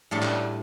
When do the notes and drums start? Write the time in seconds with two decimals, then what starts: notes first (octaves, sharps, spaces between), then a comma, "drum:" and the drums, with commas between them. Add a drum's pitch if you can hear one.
0.11 A2 G3 D4 A4
0.22 drum: clap